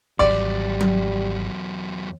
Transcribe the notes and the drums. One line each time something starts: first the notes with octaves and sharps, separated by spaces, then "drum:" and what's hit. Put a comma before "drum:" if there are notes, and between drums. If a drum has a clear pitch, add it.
G#1 E2 F#3 G3 D5, drum: kick
drum: tom F#3